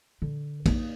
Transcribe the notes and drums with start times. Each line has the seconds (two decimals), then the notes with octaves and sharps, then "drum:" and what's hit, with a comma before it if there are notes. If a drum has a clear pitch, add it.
0.22 D3
0.66 A#3 D#4, drum: kick A#1, cymbal